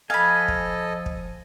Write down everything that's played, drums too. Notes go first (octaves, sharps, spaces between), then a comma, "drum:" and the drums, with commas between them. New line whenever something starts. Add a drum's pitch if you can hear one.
F3 A4 D#5 F5 G#5 B5
drum: kick
drum: kick